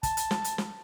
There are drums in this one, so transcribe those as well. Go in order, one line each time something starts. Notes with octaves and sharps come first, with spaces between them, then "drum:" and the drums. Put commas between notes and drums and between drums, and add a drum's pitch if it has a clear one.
A5, drum: kick, hi-hat
drum: hi-hat
drum: snare
drum: hi-hat
drum: snare